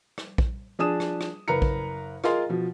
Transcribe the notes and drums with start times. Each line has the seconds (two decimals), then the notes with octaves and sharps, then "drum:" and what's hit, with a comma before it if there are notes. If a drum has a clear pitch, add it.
0.18 drum: rim click
0.38 drum: kick
0.79 F3 D4 G#4 A5 D#6 E7
1.00 drum: rim click
1.21 drum: rim click
1.48 F#1 A#4 B4 A#5 C#7
1.62 drum: kick
2.24 F4 G#4 A#4 D#5 F5 C6, drum: rim click
2.49 B2 F3